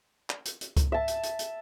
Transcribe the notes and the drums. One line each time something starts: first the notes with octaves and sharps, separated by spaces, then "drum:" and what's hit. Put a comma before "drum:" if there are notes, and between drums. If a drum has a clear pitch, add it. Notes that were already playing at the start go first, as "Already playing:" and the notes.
drum: clap
drum: hi-hat
drum: hi-hat
drum: kick C#2, hi-hat
E5 A5
drum: hi-hat
drum: hi-hat
drum: hi-hat